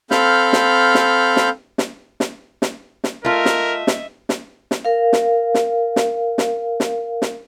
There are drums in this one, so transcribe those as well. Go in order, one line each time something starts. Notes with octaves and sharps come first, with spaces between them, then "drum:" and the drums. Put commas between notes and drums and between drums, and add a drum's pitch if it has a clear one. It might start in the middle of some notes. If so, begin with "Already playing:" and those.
C4 A4 F5 B5 F6 G6, drum: snare
drum: snare
drum: snare
drum: snare
drum: snare
drum: snare
drum: snare
drum: snare
A3 F4 A#4 D#5 E5
drum: snare
drum: snare
drum: snare
drum: snare
A#4 F5
drum: snare
drum: snare
drum: snare
drum: snare
drum: snare
drum: snare